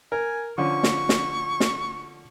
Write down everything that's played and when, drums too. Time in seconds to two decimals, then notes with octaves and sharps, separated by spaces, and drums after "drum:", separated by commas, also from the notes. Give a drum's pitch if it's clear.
0.12 A#4 G#5
0.58 D3 F3 C#4 C#6
0.83 drum: snare
1.09 drum: snare
1.60 drum: snare